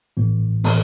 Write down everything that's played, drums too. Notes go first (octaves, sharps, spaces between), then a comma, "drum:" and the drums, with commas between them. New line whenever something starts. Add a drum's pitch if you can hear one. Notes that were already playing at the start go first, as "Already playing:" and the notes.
A1 A2 E3 B3
A2 E3 B3, drum: open hi-hat